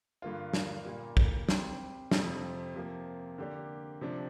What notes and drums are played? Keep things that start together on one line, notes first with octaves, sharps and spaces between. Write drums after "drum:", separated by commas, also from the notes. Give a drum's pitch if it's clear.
G2 D3 A#3 F4
drum: snare
A#2 G3 A#3
drum: kick
G3 C4 G4 C5, drum: snare
F2 C3 F3, drum: snare
C3 F3 A#3
D3 A#3 G4 D5
C3 F3 D4